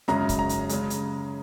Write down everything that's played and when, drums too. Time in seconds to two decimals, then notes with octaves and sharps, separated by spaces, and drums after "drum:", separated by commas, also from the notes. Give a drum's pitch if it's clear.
0.08 F#2 C#3 G#3 A#5, drum: snare
0.29 drum: kick C#1, hi-hat
0.39 A#5
0.49 drum: hi-hat
0.69 C#3 G#3, drum: hi-hat
0.90 drum: hi-hat